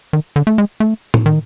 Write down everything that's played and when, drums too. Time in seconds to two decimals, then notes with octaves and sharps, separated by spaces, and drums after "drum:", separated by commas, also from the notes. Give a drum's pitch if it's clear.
0.13 D#3
0.36 D3
0.47 A3
0.58 G#3
0.80 A3
1.14 drum: tom A2
1.26 D#3